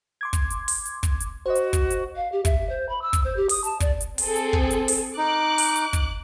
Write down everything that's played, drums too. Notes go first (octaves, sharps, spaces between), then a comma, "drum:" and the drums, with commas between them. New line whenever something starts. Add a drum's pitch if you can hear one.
C6 D6 G#6
drum: kick, hi-hat
drum: hi-hat
drum: open hi-hat
drum: hi-hat
drum: kick, hi-hat
drum: hi-hat
F#4 C5 D#5
drum: hi-hat
drum: kick, hi-hat
drum: hi-hat
F5
G4
E5, drum: kick, hi-hat
C5
B5
E6
drum: kick, hi-hat
C5
G4
D#6, drum: open hi-hat
A5, drum: hi-hat
D5, drum: kick, hi-hat
drum: hi-hat
C4 G#4 A4, drum: open hi-hat
drum: hi-hat
drum: kick
drum: hi-hat
drum: open hi-hat
D#4 D6 F#6
drum: open hi-hat
drum: hi-hat
drum: kick, hi-hat